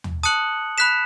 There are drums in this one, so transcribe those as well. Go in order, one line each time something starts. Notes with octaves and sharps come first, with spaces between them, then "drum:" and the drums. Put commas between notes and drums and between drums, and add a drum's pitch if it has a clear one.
drum: tom
A5 D#6 F#6 C#7 F#7, drum: hi-hat
B5 F#6 B6 E7